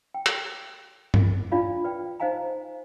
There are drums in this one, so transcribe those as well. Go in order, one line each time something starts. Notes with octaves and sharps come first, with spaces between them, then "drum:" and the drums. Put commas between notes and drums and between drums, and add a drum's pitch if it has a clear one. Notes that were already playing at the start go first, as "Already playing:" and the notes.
G5
drum: hi-hat
drum: tom G2
D4 E4 F4 D5 F5 B5
B4 D5 G5
D#4 C5 D#5 F5 G#5 A#5